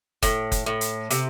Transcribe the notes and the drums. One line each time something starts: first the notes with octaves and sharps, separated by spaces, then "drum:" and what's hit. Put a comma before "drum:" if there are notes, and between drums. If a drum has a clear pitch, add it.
A2, drum: kick F#1, hi-hat
drum: kick F#1, hi-hat
A2
drum: hi-hat
C3, drum: hi-hat